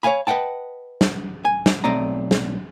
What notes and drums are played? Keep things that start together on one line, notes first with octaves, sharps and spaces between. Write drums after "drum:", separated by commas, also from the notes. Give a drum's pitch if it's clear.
C#5 D#5 F5 G#5 B5
B4 D#5 F#5 G5 A5
drum: snare
G#5
drum: snare
B1 A3 C4 D5 D#5 A#5
drum: snare